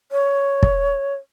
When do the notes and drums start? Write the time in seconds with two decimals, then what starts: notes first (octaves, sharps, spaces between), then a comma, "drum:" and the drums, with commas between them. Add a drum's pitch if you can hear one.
0.12 C#5
0.63 drum: kick